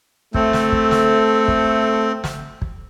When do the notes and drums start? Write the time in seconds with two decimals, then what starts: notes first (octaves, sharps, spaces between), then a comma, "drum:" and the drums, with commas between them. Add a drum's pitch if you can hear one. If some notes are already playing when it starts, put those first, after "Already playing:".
0.34 A3 C4, drum: kick
0.53 drum: snare
0.72 drum: kick
0.91 drum: snare
1.48 drum: kick
2.24 drum: snare
2.62 drum: kick